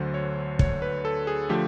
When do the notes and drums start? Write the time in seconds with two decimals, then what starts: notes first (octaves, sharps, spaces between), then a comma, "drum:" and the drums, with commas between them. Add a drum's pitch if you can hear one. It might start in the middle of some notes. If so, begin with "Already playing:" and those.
Already playing: D2 D3 F#3 C5
0.14 C#5
0.59 C#5, drum: kick
0.82 B4
1.05 A4
1.27 G#4
1.49 D3 F3 A3 G4